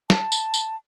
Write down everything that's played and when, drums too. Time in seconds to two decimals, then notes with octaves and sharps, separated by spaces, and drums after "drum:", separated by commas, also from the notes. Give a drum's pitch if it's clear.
0.10 A5, drum: snare
0.32 drum: tambourine
0.54 drum: tambourine